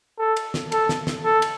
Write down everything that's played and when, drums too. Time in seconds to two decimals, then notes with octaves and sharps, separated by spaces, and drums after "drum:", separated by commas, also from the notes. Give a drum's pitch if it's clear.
0.19 A4
0.36 drum: cymbal
0.54 drum: snare
0.72 A4, drum: cymbal
0.89 drum: snare
1.07 drum: snare
1.24 A4
1.42 drum: cymbal